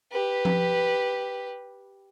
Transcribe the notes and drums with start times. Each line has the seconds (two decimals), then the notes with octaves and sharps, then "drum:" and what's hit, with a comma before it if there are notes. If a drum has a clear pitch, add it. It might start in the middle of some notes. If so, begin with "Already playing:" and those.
0.12 G4 B4
0.45 drum: tom F3